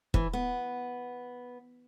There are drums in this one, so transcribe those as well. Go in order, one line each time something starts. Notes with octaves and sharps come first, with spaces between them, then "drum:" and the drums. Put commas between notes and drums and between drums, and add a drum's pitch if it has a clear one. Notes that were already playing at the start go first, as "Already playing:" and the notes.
E3, drum: kick
B3